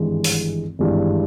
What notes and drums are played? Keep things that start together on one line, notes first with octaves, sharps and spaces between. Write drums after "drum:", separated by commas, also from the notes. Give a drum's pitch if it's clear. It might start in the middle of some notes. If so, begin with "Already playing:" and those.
Already playing: G#1 G2 E3 G#3
drum: open hi-hat
G#1 G2 E3 G#3